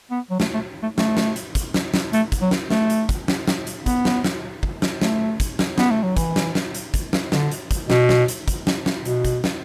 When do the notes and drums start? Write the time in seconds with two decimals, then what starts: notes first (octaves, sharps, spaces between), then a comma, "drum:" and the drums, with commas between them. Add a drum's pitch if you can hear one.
0.11 B3
0.31 F#3
0.40 A3, drum: snare
0.54 A3
0.83 A3
0.98 A3, drum: snare
1.17 drum: snare
1.36 drum: hi-hat
1.55 drum: kick, hi-hat
1.74 drum: snare
1.94 drum: snare
2.13 A3, drum: hi-hat
2.32 drum: kick, hi-hat
2.41 F#3
2.51 drum: snare
2.70 A3, drum: snare
2.90 drum: hi-hat
3.09 drum: kick, hi-hat
3.28 drum: snare
3.47 drum: snare
3.67 drum: hi-hat
3.86 B3, drum: kick, hi-hat
4.05 drum: snare
4.24 drum: snare
4.63 drum: kick
4.82 drum: snare
5.01 A3, drum: snare
5.40 drum: kick, hi-hat
5.59 drum: snare
5.78 B3, drum: snare
5.91 A3
6.03 F#3
6.17 E3, drum: kick, hi-hat
6.36 drum: snare
6.55 drum: snare
6.74 drum: hi-hat
6.94 drum: kick, hi-hat
7.13 drum: snare
7.32 D3, drum: snare
7.51 drum: hi-hat
7.71 drum: kick, hi-hat
7.90 B2, drum: snare
8.09 drum: snare
8.28 drum: hi-hat
8.48 drum: kick, hi-hat
8.67 drum: snare
8.86 drum: snare
9.05 B2, drum: hi-hat
9.25 drum: kick, hi-hat
9.44 drum: snare